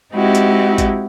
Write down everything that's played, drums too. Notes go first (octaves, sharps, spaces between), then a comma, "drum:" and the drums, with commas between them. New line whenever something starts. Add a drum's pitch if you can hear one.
G#3 C4 D#4 E4 F#4 G4
drum: hi-hat
drum: kick, hi-hat